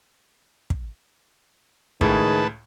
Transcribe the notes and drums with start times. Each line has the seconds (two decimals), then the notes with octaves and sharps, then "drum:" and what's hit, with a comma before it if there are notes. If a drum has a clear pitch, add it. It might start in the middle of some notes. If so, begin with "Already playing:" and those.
0.70 drum: kick
2.01 C#2 A2 D#3 G#4 B4 A5, drum: kick